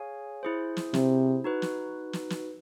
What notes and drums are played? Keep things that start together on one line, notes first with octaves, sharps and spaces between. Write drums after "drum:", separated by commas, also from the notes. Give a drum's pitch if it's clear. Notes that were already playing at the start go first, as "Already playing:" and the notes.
Already playing: G#4 C#5 F5 G#5
E4 G#4 C5
drum: snare
C3, drum: snare
D#4 F#4 B4
drum: snare
drum: snare
drum: snare